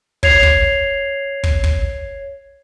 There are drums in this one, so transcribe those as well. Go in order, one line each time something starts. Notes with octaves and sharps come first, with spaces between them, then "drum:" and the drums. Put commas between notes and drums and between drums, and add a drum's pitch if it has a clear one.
C#5 G#6 C7 F7, drum: kick
drum: kick
drum: kick
drum: kick